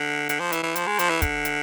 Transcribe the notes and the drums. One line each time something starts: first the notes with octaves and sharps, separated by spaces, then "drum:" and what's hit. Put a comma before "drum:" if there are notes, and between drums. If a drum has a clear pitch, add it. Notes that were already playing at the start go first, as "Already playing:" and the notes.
Already playing: D3
D3, drum: hi-hat
F3
E3, drum: hi-hat
E3
F3, drum: hi-hat
G#3
F3, drum: hi-hat
E3
D3, drum: kick, hi-hat
drum: hi-hat